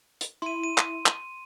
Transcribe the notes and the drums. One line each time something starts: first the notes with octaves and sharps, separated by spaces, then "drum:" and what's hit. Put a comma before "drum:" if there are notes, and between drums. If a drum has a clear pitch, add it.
drum: hi-hat
E4 C6 D#7
D#7
drum: clap
drum: clap